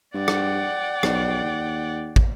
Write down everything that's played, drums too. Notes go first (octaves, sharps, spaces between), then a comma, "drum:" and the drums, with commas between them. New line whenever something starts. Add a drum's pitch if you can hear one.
G2 D5 F#5 G5
drum: rim click
B1, drum: rim click
D#2
drum: kick